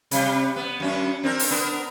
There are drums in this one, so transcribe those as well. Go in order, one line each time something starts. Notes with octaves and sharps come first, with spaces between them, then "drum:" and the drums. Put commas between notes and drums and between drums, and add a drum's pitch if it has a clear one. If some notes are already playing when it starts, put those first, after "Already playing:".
C3 G3, drum: hi-hat
B3
F#2 C#4 D4
C4 D4 A#4
drum: open hi-hat
B3 D4 A#4